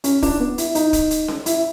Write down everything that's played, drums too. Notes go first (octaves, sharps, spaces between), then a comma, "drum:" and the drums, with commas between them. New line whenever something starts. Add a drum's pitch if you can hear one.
C#4, drum: hi-hat
D4, drum: kick, open hi-hat
B3
E4, drum: hi-hat
D#4, drum: hi-hat
drum: kick, hi-hat
drum: hi-hat
drum: snare C#4
E4, drum: hi-hat